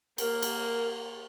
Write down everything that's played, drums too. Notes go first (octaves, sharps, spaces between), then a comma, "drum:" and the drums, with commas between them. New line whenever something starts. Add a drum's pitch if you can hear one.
A#3 A#4, drum: cymbal
drum: cymbal